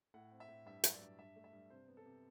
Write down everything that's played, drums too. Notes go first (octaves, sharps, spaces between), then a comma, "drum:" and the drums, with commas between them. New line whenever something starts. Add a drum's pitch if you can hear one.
A2 F#5
C4
E5
A2
G2 E5
F#3, drum: hi-hat
D5
G2
G2 E5
A3
E5
G2
C3 C5
B3
A4
C3